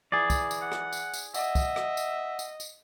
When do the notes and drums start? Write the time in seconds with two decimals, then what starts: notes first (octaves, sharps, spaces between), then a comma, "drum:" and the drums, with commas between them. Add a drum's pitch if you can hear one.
0.12 E3 G#4 D5
0.30 drum: kick, tambourine
0.51 drum: tambourine
0.62 F#5
0.72 drum: rim click
0.93 drum: tambourine
1.13 drum: tambourine
1.34 D#5 E5 F#5, drum: tambourine
1.55 drum: kick, tambourine
1.76 drum: rim click
1.97 drum: tambourine
2.39 drum: tambourine
2.60 drum: tambourine